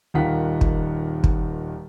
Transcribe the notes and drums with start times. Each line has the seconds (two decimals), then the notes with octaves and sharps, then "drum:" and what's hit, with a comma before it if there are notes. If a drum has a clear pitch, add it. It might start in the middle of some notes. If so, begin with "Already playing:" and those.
0.14 D#1 D#3 D#4 F4 F#5 B6
0.61 drum: kick
1.24 drum: kick